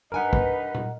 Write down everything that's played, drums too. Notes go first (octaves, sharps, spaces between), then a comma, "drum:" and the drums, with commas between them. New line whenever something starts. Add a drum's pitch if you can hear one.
G2 D#4 A#4 B4 F#5 G#5
drum: kick
drum: tom A#2